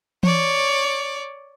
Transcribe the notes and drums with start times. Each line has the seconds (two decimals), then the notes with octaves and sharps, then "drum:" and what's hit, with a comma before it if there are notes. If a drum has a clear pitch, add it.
0.23 C#5 D5, drum: tom E3